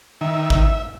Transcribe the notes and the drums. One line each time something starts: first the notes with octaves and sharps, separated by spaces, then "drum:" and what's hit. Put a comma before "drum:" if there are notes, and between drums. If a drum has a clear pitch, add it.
D#3 E5
drum: kick G#1